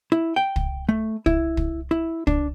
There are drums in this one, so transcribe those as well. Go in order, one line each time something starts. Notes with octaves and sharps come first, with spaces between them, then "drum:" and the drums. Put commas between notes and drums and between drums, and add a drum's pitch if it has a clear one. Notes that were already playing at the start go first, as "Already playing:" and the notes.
E4
G5
drum: kick
A3
E4, drum: kick
drum: kick
E4
D4, drum: kick